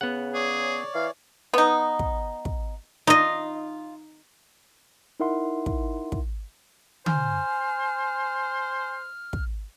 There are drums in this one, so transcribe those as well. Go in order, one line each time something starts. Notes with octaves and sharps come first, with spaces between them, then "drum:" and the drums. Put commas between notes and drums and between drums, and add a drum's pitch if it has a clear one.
C#3 B3 F#5
G#4 C#5 D5
E3 F5
B3 D#4
drum: kick
drum: kick
D#4 F4 D#5
D#4 E4 A#4 E5 F#5 C6
drum: kick
drum: kick
C5 G#5 F6, drum: tom D3
drum: kick